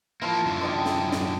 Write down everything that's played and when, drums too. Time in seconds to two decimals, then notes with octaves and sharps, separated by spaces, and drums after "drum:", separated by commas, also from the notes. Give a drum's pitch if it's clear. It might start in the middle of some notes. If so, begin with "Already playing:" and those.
0.22 F3 A#3 E4 F4 A5
0.46 F#2 D3
0.61 D4 D#5 G5
0.86 drum: snare
1.13 drum: snare